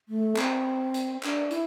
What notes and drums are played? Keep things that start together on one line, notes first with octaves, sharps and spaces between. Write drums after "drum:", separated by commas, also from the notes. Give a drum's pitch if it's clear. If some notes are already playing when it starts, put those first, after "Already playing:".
A3
C4, drum: clap
drum: hi-hat
D4, drum: clap
E4, drum: hi-hat